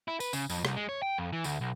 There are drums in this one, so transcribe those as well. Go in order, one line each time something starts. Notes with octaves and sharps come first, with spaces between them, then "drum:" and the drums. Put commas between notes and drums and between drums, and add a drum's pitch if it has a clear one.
E4
B4, drum: tambourine
C#3, drum: tambourine
F2, drum: tambourine
C2, drum: rim click
G#3
C#5
G5
F2
E3
D2, drum: tambourine
B1